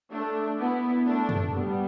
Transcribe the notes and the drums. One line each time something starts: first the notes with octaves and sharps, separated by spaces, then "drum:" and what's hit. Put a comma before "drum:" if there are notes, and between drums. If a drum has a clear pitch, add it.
A3 D4
B3 E4
A3 D4
drum: tom F#2
G3 B3